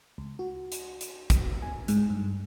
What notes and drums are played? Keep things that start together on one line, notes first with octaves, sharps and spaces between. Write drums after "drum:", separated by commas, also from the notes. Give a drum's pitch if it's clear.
C#2
F#4
drum: hi-hat
drum: hi-hat
drum: kick, hi-hat
G#5
G#2, drum: hi-hat
G2